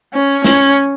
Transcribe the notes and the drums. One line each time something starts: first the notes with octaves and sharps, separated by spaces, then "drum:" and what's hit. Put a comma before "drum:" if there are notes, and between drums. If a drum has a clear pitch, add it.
C#4
C#4, drum: snare